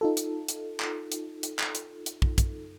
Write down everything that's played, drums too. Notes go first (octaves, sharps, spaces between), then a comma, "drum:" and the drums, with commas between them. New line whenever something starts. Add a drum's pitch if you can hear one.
D#4 F4 A4
drum: hi-hat
drum: hi-hat
drum: clap
drum: hi-hat
drum: hi-hat
drum: clap
drum: hi-hat
drum: hi-hat
drum: kick
drum: kick, hi-hat